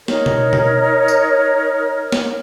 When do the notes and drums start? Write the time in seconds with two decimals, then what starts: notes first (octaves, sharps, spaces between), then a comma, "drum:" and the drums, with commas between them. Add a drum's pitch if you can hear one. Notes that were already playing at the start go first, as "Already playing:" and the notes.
0.08 D#4 A#4 C#5, drum: snare
0.26 drum: tom B2
0.53 drum: tom B2
1.08 drum: tambourine
2.12 drum: snare